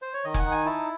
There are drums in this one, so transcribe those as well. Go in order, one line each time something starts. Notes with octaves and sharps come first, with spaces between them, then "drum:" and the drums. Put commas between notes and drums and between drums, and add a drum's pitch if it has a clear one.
C5
C#5
D#3 D#5
G#5, drum: kick F1
F#5
D#4
G#5
E4 A5